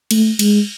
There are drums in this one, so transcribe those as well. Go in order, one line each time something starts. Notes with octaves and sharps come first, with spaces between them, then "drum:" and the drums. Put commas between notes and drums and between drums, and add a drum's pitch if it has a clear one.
A3, drum: cymbal
G#3, drum: cymbal